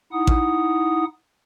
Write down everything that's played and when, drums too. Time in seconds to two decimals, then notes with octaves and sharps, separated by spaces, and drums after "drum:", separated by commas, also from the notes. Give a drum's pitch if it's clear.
0.13 D#4 E4 F#5 D#6
0.27 drum: kick A1